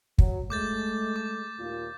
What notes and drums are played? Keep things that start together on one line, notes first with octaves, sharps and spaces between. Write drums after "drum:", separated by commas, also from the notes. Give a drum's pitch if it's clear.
F#3, drum: kick
G#3 A3 D6 G6 A6
D6
D#2 A#2 F4